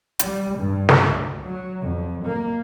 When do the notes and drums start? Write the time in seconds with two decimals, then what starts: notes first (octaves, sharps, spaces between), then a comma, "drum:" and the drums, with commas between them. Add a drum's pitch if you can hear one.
0.19 G3, drum: hi-hat
0.60 G2
0.89 drum: snare
1.10 D2
1.45 F#3
1.82 F2
2.23 A#3